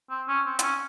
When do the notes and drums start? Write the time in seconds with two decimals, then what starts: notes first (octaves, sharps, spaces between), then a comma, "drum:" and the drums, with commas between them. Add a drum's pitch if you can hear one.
0.10 C4
0.28 C#4
0.46 C4
0.59 C4, drum: hi-hat
0.63 C#4